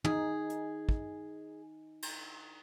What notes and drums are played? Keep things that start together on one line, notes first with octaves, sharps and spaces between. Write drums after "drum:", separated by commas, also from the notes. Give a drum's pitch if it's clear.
D#4 G#4, drum: tom
drum: hi-hat
drum: kick
drum: cymbal